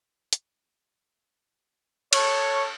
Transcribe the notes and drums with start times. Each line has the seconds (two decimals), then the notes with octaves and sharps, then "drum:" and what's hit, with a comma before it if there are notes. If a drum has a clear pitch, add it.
0.33 drum: hi-hat
2.13 A4 C#5, drum: cymbal